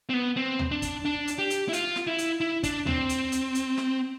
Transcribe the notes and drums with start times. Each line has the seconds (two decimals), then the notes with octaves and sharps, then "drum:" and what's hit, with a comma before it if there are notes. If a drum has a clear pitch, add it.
0.09 C4
0.14 B3
0.37 C4
0.59 drum: tom D2
0.71 D4
0.82 drum: kick, hi-hat
1.05 D4
1.28 drum: hi-hat
1.38 G4
1.50 drum: hi-hat
1.69 E4
1.73 F4, drum: hi-hat
1.96 drum: snare
2.07 E4
2.18 drum: hi-hat
2.41 E4
2.63 D4, drum: kick, hi-hat
2.87 C4, drum: tom D2
3.09 drum: hi-hat
3.32 drum: hi-hat
3.55 drum: hi-hat
3.77 drum: snare